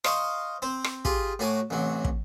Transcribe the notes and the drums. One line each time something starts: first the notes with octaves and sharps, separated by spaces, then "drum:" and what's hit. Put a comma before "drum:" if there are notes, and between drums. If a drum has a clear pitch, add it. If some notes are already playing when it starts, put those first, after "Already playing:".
C5 D#5 F5 A#5 C6 C#6, drum: rim click
C4 C5
drum: rim click
F4 G4 G#4, drum: kick
A2 F#4 G#5 A#5 D6
A1 C3 F#3
drum: kick